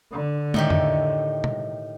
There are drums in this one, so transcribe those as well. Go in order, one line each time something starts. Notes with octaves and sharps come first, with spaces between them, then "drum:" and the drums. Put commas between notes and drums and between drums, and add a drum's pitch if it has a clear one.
D3
A2 D#3 G4, drum: tom
drum: tom
drum: tom